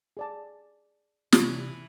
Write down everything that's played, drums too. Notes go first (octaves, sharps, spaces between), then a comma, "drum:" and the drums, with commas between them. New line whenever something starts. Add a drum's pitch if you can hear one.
G#4 D5 A5
C3 E3 G3 G4, drum: snare